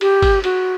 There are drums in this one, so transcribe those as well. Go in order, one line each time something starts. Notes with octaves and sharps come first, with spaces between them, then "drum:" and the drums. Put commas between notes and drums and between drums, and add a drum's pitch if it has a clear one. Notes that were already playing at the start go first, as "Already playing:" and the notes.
G4, drum: cymbal
drum: kick G1, cymbal
F#4, drum: cymbal